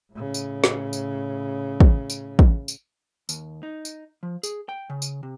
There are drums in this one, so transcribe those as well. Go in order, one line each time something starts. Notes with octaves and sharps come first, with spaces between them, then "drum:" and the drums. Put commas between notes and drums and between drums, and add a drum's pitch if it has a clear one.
A2 C#3
drum: tambourine
drum: snare
drum: tambourine
drum: kick
drum: tambourine
drum: kick
drum: tambourine
D#2, drum: tambourine
D#4
drum: tambourine
F3
G#4, drum: tambourine
G5
C#3
drum: tambourine
C3